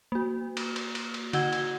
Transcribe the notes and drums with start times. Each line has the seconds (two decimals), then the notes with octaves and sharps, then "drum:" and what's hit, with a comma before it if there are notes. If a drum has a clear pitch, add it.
0.12 A#3 F#4
0.57 drum: cymbal
0.76 drum: cymbal
0.95 drum: cymbal
1.14 drum: cymbal
1.33 D3 F#4 F#5 E6 G#6 G7, drum: cymbal
1.53 drum: cymbal